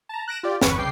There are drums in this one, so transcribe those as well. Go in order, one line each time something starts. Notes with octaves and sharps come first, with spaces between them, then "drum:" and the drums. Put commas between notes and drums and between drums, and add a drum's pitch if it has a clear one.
A5 A#5
F#6 A#6 D7 E7
F4 G4 D5
G1 E2 B4 C#6, drum: snare
C2 C#3 G5 D6 C7